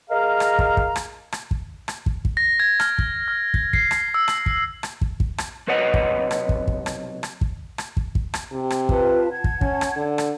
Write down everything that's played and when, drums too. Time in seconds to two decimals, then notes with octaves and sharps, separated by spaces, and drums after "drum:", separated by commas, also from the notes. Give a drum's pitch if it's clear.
0.10 G#4 A#4 D#5 F5 A#5
0.40 drum: rim click
0.59 drum: kick
0.77 drum: kick
0.96 drum: rim click
1.32 drum: rim click
1.51 drum: kick
1.88 drum: rim click
2.06 drum: kick
2.25 drum: kick
2.37 A#6
2.60 G#6
2.80 F6, drum: rim click
2.99 drum: kick
3.28 F6
3.54 drum: kick
3.73 C7, drum: kick
3.91 drum: rim click
4.14 E6
4.28 drum: rim click
4.46 drum: kick
4.83 drum: rim click
5.01 drum: kick
5.20 drum: kick
5.38 drum: rim click
5.67 B1 C3 B4 C#5 D#5 F#5
5.94 drum: kick
6.31 drum: rim click
6.49 drum: kick
6.68 drum: kick
6.86 drum: rim click
7.23 drum: rim click
7.41 drum: kick
7.78 drum: rim click
7.97 drum: kick
8.15 drum: kick
8.34 drum: rim click
8.53 C3
8.70 drum: rim click
8.89 F4 B4 A5, drum: kick
9.31 F#5 A5 G#6
9.44 drum: kick
9.61 C#4, drum: kick
9.81 drum: rim click
9.96 D3
10.18 drum: rim click